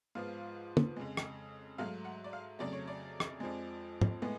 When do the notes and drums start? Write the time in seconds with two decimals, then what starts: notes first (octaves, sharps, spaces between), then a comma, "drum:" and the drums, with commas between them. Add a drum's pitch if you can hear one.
0.15 G#2 F3 B3 F5
0.77 drum: tom
0.96 F2 C#3 G#3
1.17 drum: rim click
1.78 G#2 F#3 A3 F5
2.05 F#5
2.24 D5
2.33 F5
2.59 F2 C#3 F#3 A3 D5
2.73 C#5
2.87 D5
3.20 drum: rim click
3.40 F2 F3 G#3
4.01 drum: tom
4.22 A2 G#3 B3